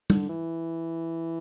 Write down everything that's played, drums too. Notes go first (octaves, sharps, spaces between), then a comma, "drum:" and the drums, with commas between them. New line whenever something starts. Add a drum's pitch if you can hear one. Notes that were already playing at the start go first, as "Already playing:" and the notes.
D3, drum: tom
E3